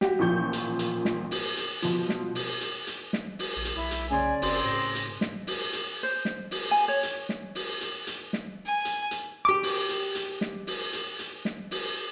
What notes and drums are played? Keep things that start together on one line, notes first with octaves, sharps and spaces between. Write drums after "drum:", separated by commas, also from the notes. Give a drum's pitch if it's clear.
F#4 G4, drum: snare
A1 A#2 F3 C#6 G6
drum: hi-hat
drum: hi-hat
drum: snare
drum: open hi-hat
drum: hi-hat
B2 F3, drum: hi-hat
drum: snare
drum: open hi-hat
drum: hi-hat
drum: hi-hat
drum: snare
drum: open hi-hat
A#1
drum: hi-hat
B1 E4
drum: hi-hat
C#3 C#4 D5 G#5 C6
F#1 C4, drum: open hi-hat
A2 A#6
drum: hi-hat
drum: snare
drum: open hi-hat
drum: hi-hat
C5
drum: snare
drum: open hi-hat
G#5
C#5
drum: hi-hat
drum: snare
drum: open hi-hat
drum: hi-hat
drum: hi-hat
drum: snare
G#5
drum: hi-hat
drum: hi-hat
G4 D6
drum: open hi-hat
drum: hi-hat
drum: hi-hat
drum: snare
drum: open hi-hat
drum: hi-hat
drum: hi-hat
drum: snare
drum: open hi-hat